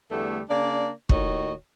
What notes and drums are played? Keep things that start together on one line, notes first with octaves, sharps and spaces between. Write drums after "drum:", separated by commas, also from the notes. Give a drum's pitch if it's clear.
E2 D3 G3 A3
C#3 A#3 D4 D5
D#2 A2 D#3 F#4 C#5 D#5, drum: kick